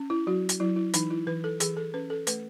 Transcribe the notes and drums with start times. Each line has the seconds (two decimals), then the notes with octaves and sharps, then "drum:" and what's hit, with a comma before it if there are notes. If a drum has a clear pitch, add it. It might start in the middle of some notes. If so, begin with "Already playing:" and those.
Already playing: C#4
0.10 E4
0.27 F#3 F#4
0.49 drum: hi-hat
0.60 F#3 E4
0.76 E4
0.94 E3 D#4, drum: hi-hat
1.10 E4
1.27 E3 B4
1.44 A4
1.60 E3 G#4, drum: hi-hat
1.77 A4
1.94 C#4 B4
2.10 A4
2.27 A3 B4, drum: hi-hat